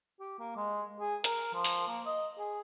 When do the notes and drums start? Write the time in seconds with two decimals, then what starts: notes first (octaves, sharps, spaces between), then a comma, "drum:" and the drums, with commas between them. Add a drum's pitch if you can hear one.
0.20 G4
0.39 A#3
0.56 G#3
1.00 G#4
1.24 A#4, drum: hi-hat
1.54 F3
1.64 drum: open hi-hat
1.87 A#3
2.06 D#5
2.39 G#4